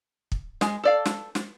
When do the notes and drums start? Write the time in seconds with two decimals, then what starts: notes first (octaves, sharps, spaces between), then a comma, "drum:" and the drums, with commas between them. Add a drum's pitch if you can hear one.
0.32 drum: kick
0.61 G#3, drum: snare
0.84 A4 D5 F5
1.05 drum: snare
1.35 drum: snare